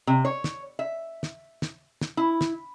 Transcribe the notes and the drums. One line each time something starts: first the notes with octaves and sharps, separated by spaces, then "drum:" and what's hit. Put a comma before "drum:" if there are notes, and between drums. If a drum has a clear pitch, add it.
C3
C#5
drum: snare
E5
drum: snare
drum: snare
drum: snare
E4
drum: snare